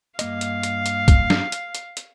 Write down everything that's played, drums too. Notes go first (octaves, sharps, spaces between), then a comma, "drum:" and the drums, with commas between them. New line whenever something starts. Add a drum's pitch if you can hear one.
G2 A#3 D#5 F5, drum: hi-hat
drum: hi-hat
drum: hi-hat
drum: hi-hat
drum: kick, hi-hat
drum: snare
drum: hi-hat
drum: hi-hat
drum: hi-hat